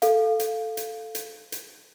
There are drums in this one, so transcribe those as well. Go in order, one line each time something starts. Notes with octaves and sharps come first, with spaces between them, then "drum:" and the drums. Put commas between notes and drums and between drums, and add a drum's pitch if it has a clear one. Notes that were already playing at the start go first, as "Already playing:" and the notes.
A4 F5, drum: hi-hat
drum: hi-hat
drum: hi-hat
drum: hi-hat
drum: hi-hat